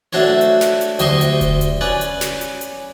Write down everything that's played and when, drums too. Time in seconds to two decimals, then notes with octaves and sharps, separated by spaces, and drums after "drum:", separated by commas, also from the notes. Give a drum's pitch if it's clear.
0.13 A3 D4 F#4 C5 C#5
0.41 drum: hi-hat
0.61 drum: snare
0.81 drum: hi-hat
0.99 D2 G4 C5 D#5 C6 C#6, drum: hi-hat
1.21 drum: hi-hat
1.41 drum: kick E1, hi-hat
1.61 drum: hi-hat
1.81 C#4 B4 D5
2.01 drum: hi-hat
2.21 drum: snare
2.41 drum: hi-hat
2.61 drum: hi-hat